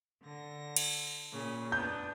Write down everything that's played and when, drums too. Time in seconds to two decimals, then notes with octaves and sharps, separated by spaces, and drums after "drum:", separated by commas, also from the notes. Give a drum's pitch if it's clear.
0.21 D3 A#6
0.76 drum: cymbal
1.30 A#2 C#3
1.72 B3 D4 G6